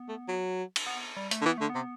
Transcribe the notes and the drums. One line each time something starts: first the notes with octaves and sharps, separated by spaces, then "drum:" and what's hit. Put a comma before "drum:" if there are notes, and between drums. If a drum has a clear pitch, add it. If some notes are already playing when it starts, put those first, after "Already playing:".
Already playing: B3
A3
F#3
drum: cymbal
B3
G3
A3, drum: hi-hat
D3
E3 B3
D3 A3
B3
C3